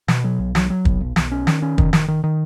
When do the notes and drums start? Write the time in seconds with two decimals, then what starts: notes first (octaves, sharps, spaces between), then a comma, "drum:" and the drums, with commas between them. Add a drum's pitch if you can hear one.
0.08 B2, drum: snare
0.24 F#3
0.40 B1
0.55 F#3, drum: snare
0.70 F#3
0.85 B1, drum: kick
1.01 B1
1.16 B1, drum: snare
1.31 C#4
1.47 D#3, drum: snare
1.62 C#4
1.78 D#3, drum: kick
1.93 D#3, drum: snare
2.08 D#3
2.24 D#3